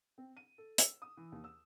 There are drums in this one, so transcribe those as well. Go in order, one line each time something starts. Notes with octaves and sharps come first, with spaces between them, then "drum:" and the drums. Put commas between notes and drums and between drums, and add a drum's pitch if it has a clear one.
C4
D#7
A4
E6, drum: hi-hat
D#6
E3
D#2
E6